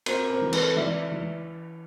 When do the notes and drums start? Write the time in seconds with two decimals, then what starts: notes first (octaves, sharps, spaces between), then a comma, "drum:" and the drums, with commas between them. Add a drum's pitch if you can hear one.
0.06 C4 A#4 C5, drum: cymbal
0.30 A#4 C5
0.41 E3
0.53 A4 B4, drum: cymbal
0.76 E3 D5 E5
1.12 E3